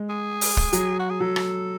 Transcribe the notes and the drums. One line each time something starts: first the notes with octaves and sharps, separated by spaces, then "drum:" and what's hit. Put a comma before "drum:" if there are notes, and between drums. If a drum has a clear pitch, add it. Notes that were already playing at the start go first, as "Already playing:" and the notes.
Already playing: G#3
G#4
drum: open hi-hat
drum: kick
F#3, drum: hi-hat
F#4
G#4
F#3 A4
drum: rim click